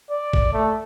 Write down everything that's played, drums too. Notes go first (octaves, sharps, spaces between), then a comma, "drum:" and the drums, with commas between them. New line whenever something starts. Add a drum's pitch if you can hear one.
D5
drum: kick G#1
A3